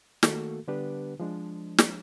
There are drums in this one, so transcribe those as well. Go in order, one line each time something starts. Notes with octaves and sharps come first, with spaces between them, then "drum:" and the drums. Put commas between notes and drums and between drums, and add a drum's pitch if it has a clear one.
D#3 A3 A#3 F#4 A4, drum: snare
D3 G3 B3 D4 G4 B4
F3 G#3 D4
drum: snare